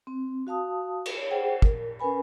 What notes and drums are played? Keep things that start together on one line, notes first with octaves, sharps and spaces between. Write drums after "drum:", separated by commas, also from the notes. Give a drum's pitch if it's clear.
C4
F#4 F5 A5 D#6
drum: cymbal
C#5
G#4 C5 F#5 G5
A#4, drum: kick
C#4 A#4 B4 G#5 B5